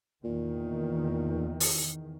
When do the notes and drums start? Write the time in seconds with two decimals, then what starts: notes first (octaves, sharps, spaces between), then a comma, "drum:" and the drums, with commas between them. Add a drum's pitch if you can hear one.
0.24 E2 A#2 D#3
1.60 drum: open hi-hat